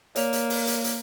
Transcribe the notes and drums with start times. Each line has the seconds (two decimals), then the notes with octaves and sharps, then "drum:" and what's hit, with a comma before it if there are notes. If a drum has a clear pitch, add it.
0.16 A#3 C#5 D5 F7, drum: hi-hat
0.33 drum: hi-hat
0.50 drum: open hi-hat
0.67 drum: hi-hat
0.84 drum: hi-hat